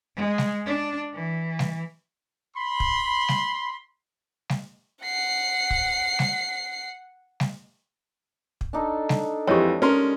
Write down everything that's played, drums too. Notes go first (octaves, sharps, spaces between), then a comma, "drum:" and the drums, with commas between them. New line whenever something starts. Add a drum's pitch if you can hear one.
G#3
drum: snare G3
D4
E3
drum: snare G3
B5 C6
drum: kick
drum: snare G3
drum: snare G3
F#5 C7
drum: kick
drum: snare G3
drum: snare G3
drum: kick
D4 D#4 A4
drum: snare G3
F2 E3 G#3 G4 C#5
C#4 A#4 C6